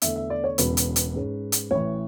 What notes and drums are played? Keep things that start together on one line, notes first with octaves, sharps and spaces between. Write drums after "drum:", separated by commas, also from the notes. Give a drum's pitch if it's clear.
E2 D3 A3 E5, drum: hi-hat
E5
D5
C#5
E1 E2 C#3 F#3 B3 B4, drum: hi-hat
drum: hi-hat
drum: hi-hat
G#2 G#3 C#4
drum: hi-hat
A1 A2 E3 C#5